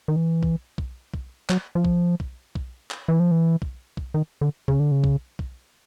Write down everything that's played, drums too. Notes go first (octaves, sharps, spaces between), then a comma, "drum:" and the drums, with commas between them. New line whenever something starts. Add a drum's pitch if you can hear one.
D#3
E3
drum: kick
drum: kick
drum: kick
F#3, drum: clap
F3
drum: kick
drum: kick
drum: kick
drum: clap
E3
F3
E3
drum: kick
drum: kick
D#3
D3
C#3, drum: kick
D3
C#3
drum: kick
drum: kick